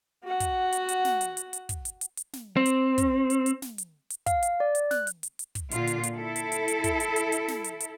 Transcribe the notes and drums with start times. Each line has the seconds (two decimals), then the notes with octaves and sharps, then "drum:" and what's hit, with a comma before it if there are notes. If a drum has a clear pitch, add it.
0.24 F#4 F#5
0.40 drum: kick, hi-hat
0.72 drum: hi-hat
0.89 drum: hi-hat
1.05 drum: snare
1.21 drum: hi-hat
1.37 drum: hi-hat
1.53 drum: hi-hat
1.69 drum: kick, hi-hat
1.85 drum: hi-hat
2.01 drum: hi-hat
2.17 drum: hi-hat
2.33 drum: snare
2.57 C4
2.66 drum: hi-hat
2.98 drum: kick, hi-hat
3.30 drum: hi-hat
3.46 drum: hi-hat
3.62 drum: snare
3.78 drum: hi-hat
4.10 drum: hi-hat
4.26 F5, drum: kick, hi-hat
4.43 drum: hi-hat
4.60 D5
4.75 drum: hi-hat
4.91 F#6, drum: snare
5.07 drum: hi-hat
5.23 drum: hi-hat
5.39 drum: hi-hat
5.55 drum: kick, hi-hat
5.71 A#2 D3 F4, drum: hi-hat
5.87 drum: hi-hat
6.03 drum: hi-hat
6.13 E4 A4
6.36 drum: hi-hat
6.52 drum: hi-hat
6.68 drum: hi-hat
6.84 drum: kick, hi-hat
7.00 drum: hi-hat
7.16 drum: hi-hat
7.32 drum: hi-hat
7.48 drum: snare
7.64 drum: hi-hat
7.80 drum: hi-hat